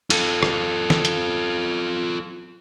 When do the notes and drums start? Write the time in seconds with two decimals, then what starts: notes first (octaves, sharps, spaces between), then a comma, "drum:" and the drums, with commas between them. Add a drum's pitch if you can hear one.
0.10 F4 A4, drum: cymbal
0.43 drum: rim click
0.90 drum: snare
1.05 drum: hi-hat